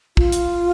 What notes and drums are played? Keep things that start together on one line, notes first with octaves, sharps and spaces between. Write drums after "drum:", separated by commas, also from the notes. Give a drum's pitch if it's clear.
F4, drum: kick
drum: hi-hat